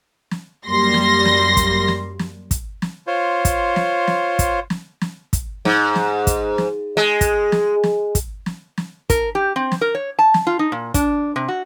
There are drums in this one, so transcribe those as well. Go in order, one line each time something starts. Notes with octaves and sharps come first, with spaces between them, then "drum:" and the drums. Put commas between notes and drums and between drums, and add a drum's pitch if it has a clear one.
drum: snare
F#2 G3 A#3 C6 A#6
drum: snare
drum: snare
drum: kick, hi-hat
drum: snare
drum: snare
drum: kick, hi-hat
drum: snare
F4 C5 C#5
drum: kick, hi-hat
drum: snare
drum: snare
drum: kick, hi-hat
drum: snare
drum: snare
drum: kick, hi-hat
G#2, drum: snare
drum: snare
drum: kick, hi-hat
drum: snare
G#3
drum: kick, hi-hat
drum: snare
drum: snare
drum: kick, hi-hat
drum: snare
drum: snare
A#4, drum: kick, hi-hat
G4
C4
drum: snare
A#4
C#5
A5
drum: snare
F4
D#4
A#2
D4, drum: kick, hi-hat
C3
F#4